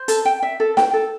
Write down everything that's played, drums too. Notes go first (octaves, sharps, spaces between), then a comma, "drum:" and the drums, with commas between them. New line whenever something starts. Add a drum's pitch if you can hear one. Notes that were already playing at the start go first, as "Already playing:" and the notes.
Already playing: C5
A4, drum: hi-hat
G5
E5
A4
G5, drum: snare
A4